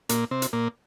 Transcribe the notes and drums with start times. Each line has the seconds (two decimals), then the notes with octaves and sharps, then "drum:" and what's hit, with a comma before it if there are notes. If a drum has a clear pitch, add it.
0.09 A#2 A#3, drum: hi-hat
0.31 C3 C4
0.42 drum: hi-hat
0.53 A#2 A#3